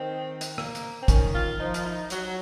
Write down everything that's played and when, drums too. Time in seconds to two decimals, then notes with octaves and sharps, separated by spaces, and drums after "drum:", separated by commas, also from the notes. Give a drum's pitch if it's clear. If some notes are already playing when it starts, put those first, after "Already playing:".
Already playing: D#3 C4
0.41 drum: hi-hat
0.58 A#3, drum: rim click
0.75 drum: hi-hat
1.02 C4
1.08 D#3 C#4, drum: kick, hi-hat
1.34 F4
1.60 F3 D#4
1.74 F4, drum: hi-hat
1.85 D#4
2.10 F#3, drum: hi-hat